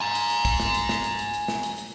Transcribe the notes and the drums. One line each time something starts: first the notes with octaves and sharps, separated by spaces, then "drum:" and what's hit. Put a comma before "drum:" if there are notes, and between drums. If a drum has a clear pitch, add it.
G#5 A#5
drum: hi-hat
drum: hi-hat
drum: kick, hi-hat
drum: snare
drum: hi-hat
drum: snare
drum: hi-hat
drum: hi-hat
drum: hi-hat
drum: snare
drum: hi-hat
drum: hi-hat